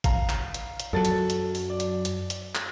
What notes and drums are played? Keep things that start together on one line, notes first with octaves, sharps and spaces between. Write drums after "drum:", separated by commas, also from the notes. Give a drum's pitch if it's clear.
F5 A#5, drum: kick G#1, hi-hat
drum: clap
drum: hi-hat
drum: hi-hat
F#2 F#3 A4 A6
drum: hi-hat
drum: hi-hat
drum: open hi-hat
D5
drum: hi-hat
drum: hi-hat
drum: hi-hat
drum: clap